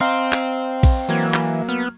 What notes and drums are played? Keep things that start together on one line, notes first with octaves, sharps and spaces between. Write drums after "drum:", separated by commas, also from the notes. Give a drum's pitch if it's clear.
C4 D#5 F5 A#5 C6
drum: clap
drum: kick A#1, cymbal
E3 F#3 A#3 G#6
drum: clap
B3 F6